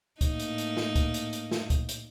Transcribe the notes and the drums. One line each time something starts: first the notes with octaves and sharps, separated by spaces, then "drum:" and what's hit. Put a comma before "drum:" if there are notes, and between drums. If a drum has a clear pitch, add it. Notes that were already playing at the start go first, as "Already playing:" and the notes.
A2 A#3 D#4, drum: kick, hi-hat
drum: hi-hat
drum: hi-hat
drum: snare
drum: kick, hi-hat
drum: hi-hat
drum: hi-hat
drum: snare
drum: kick, hi-hat
drum: hi-hat